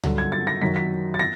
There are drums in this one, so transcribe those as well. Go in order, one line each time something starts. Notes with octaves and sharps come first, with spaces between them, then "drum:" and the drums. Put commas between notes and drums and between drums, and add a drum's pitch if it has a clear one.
G2 D3 F#3, drum: tom C#2
G#6
A6
A#6
F#2 D#3 F#3 B6
B6
A6
A#6